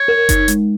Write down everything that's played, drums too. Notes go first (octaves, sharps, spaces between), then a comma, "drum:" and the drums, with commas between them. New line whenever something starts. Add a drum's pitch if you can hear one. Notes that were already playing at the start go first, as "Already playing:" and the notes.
Already playing: C#5
A#4
D#4, drum: kick F#1, hi-hat
G#3, drum: hi-hat